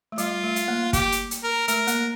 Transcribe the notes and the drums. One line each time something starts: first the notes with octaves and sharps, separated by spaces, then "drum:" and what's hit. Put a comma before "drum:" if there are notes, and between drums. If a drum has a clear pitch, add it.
A3
G3 F4, drum: hi-hat
A3
drum: hi-hat
A#3
G4, drum: kick, hi-hat
drum: hi-hat
drum: hi-hat
A#4
A3 A#4, drum: hi-hat
A#3, drum: hi-hat